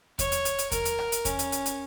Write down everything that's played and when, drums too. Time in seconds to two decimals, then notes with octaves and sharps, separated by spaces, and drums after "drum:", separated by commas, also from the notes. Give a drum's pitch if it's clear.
0.19 C#5, drum: kick E2, hi-hat
0.32 drum: hi-hat
0.45 drum: hi-hat
0.58 drum: hi-hat
0.72 A#4, drum: kick E2, hi-hat
0.85 drum: hi-hat
0.99 drum: rim click
1.12 drum: hi-hat
1.25 C#4, drum: kick E2, hi-hat
1.39 drum: hi-hat
1.52 drum: hi-hat
1.66 drum: hi-hat